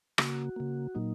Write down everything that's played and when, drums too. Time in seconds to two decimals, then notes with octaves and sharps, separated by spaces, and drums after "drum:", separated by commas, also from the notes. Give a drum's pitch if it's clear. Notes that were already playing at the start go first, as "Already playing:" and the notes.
0.18 C#3 A#3 F#4, drum: rim click
0.56 C#3 A#3
0.95 A#2 F#3 A#3 D#4